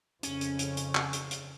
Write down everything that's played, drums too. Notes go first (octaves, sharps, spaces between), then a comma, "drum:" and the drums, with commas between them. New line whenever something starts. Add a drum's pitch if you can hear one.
F2 C#3 C#4, drum: hi-hat
drum: hi-hat
drum: hi-hat
drum: hi-hat
drum: clap
drum: hi-hat
drum: hi-hat